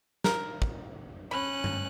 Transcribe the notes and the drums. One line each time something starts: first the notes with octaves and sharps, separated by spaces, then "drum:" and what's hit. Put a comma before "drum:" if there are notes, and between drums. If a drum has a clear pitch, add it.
A#4, drum: snare
drum: kick
C#4 B5 F#6
drum: tom G2